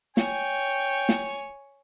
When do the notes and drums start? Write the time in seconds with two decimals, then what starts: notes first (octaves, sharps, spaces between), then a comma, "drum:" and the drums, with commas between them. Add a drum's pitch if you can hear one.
0.17 C#5 G5 G#5, drum: snare
1.09 drum: snare